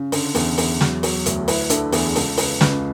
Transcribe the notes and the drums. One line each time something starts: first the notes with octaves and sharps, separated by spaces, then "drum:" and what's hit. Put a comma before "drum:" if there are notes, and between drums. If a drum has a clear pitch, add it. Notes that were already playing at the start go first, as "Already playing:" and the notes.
Already playing: C#3
D3, drum: open hi-hat
E2, drum: open hi-hat
E2, drum: open hi-hat
F#3, drum: snare
F#3, drum: open hi-hat
D2, drum: hi-hat
A4
E4 B4, drum: open hi-hat
D3 A4, drum: hi-hat
E2 G#4, drum: open hi-hat
C#2 A4, drum: open hi-hat
C#3 B4, drum: open hi-hat
C#2 B4, drum: snare